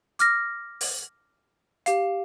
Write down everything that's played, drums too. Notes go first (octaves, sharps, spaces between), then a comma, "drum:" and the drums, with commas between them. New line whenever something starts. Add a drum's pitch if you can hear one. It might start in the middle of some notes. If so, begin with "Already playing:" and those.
D6 F6 A#6, drum: hi-hat
drum: open hi-hat
G4 F5, drum: hi-hat